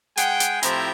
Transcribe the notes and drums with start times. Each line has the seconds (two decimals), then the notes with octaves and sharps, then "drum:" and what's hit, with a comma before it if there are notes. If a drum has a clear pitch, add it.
0.17 G#3 G#4 F#5 G5, drum: hi-hat
0.40 drum: hi-hat
0.63 A2 F3 C4 E4 G4 A#5, drum: hi-hat